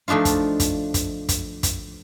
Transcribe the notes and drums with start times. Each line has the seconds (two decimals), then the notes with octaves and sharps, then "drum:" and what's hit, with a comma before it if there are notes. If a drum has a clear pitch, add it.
0.08 F3 A3 D4 D#4 F4
0.25 drum: kick, hi-hat
0.60 drum: kick, hi-hat
0.94 drum: kick, hi-hat
1.29 drum: kick, hi-hat
1.63 drum: kick, hi-hat